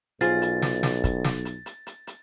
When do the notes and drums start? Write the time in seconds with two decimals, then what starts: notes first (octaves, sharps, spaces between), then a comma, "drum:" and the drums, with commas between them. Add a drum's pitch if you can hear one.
0.21 B1 F4 G#4 C5 A6, drum: hi-hat
0.42 drum: hi-hat
0.62 drum: snare
0.83 drum: snare
1.04 drum: kick, hi-hat
1.24 drum: snare
1.45 drum: hi-hat
1.66 drum: hi-hat
1.87 drum: hi-hat
2.07 drum: hi-hat